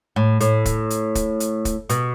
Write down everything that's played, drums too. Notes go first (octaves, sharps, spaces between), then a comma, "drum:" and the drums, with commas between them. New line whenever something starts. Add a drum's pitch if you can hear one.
A2
A2, drum: hi-hat
drum: kick, hi-hat
drum: hi-hat
drum: kick, hi-hat
drum: hi-hat
drum: kick, hi-hat
B2, drum: hi-hat